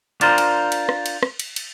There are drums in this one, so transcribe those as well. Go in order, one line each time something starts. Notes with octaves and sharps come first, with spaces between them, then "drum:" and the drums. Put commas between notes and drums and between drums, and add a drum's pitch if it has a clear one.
D4 F4 A#4 C5, drum: cymbal
drum: cymbal
drum: cymbal
drum: rim click
drum: cymbal
drum: rim click
drum: cymbal
drum: cymbal